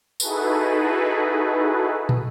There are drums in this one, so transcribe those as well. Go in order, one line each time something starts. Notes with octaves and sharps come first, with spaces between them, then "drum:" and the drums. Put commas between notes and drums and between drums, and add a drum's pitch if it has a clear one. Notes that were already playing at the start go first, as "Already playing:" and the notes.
D#4 E4 F#4 G#4 A4 B4, drum: tambourine
drum: tom